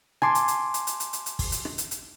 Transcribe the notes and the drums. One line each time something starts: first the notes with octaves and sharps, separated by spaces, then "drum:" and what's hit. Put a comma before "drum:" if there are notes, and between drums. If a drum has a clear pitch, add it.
G#5 A5 C6 D6, drum: rim click
drum: hi-hat
drum: hi-hat
drum: hi-hat
drum: hi-hat
drum: hi-hat
drum: hi-hat
drum: hi-hat
drum: kick, open hi-hat
drum: hi-hat
drum: rim click
drum: hi-hat
drum: hi-hat